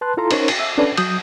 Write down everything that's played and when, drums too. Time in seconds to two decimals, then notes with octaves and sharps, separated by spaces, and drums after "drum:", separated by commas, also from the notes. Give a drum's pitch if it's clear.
0.01 B4 A5 C6 F#6
0.17 E4 F4 A4 F5 A#5 C6
0.31 C#4 D#4 A#4 C5 C#5, drum: cymbal
0.48 drum: cymbal
0.59 E5 E6
0.78 C#4 D4 A4 B4 D5
0.97 F#3 D#6 G6, drum: cymbal